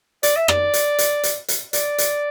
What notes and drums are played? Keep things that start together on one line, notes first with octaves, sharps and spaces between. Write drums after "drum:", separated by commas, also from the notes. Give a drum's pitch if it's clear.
D5, drum: hi-hat
E5
D5, drum: rim click
drum: hi-hat
drum: hi-hat
drum: hi-hat
drum: hi-hat
D5, drum: hi-hat
drum: hi-hat